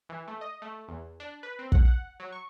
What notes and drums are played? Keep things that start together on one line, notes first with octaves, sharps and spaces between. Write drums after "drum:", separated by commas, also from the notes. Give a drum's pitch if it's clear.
E3
A3
D#5
A3
E2
D4
B4
C4
F#5, drum: kick
F#5
F#3
C#6